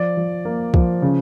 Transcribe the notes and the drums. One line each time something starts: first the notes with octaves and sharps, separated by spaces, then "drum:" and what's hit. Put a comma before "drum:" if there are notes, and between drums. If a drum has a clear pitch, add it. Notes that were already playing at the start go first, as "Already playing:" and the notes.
Already playing: F3 D5
F3
A#3
F3, drum: kick
C#3